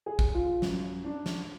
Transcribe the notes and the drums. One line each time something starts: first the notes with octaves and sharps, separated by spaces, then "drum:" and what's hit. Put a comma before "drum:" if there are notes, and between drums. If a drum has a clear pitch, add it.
G#4
drum: kick
F4
F#2, drum: snare
D4
drum: snare